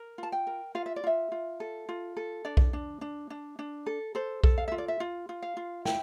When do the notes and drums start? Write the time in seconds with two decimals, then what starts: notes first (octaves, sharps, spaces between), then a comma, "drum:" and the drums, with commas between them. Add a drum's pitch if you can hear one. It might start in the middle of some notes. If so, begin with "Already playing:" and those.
Already playing: A#4
0.18 F4 A5
0.32 G5
0.47 A#4
0.75 F4 F5
0.86 E5
0.96 D5
1.04 F4 E5
1.32 F4
1.60 A4
1.89 F4
2.17 A4
2.45 D4 D5
2.57 drum: kick B1
2.73 D4
3.01 D4
3.30 D4
3.59 D4
3.86 A4
4.15 A4 C5
4.44 A4, drum: kick B1
4.58 F5
4.68 F4 E5
4.78 D5
4.88 E5
5.00 F4
5.29 F4
5.42 F5
5.57 F4
5.85 E4 G5, drum: snare